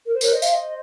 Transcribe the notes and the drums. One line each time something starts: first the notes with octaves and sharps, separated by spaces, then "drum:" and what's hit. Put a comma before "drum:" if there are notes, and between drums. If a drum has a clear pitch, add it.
A#4
C5
A#4 C#5, drum: tambourine
C5 D#5
F5, drum: tambourine
D#5